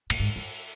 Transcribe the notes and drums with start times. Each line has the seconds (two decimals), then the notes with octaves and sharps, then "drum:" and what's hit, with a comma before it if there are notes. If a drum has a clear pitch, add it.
0.10 A#2, drum: cymbal
0.19 G#2
0.36 G2